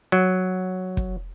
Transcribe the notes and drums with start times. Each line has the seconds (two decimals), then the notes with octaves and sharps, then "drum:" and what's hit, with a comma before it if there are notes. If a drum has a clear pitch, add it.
0.12 F#3
0.97 drum: kick